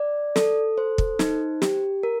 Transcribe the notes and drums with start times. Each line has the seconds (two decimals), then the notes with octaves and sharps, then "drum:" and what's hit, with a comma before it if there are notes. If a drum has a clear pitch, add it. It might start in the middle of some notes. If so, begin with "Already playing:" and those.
Already playing: D5
0.36 A4, drum: snare
0.78 C5
0.98 drum: kick
1.19 D#4, drum: snare
1.62 G4, drum: snare
2.03 A#4